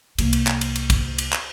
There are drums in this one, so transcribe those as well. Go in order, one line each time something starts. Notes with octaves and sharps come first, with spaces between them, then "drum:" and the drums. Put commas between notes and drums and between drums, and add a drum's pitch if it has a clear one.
C2 A#3, drum: cymbal
drum: cymbal
drum: clap
drum: cymbal
drum: cymbal
drum: kick, cymbal
drum: cymbal
drum: clap